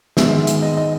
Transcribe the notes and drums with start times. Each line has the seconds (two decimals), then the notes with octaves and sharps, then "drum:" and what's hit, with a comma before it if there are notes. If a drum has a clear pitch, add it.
0.17 G#2 D#3 G#3 B3 E5, drum: snare
0.32 E5
0.47 drum: hi-hat
0.62 D#5
0.77 D#5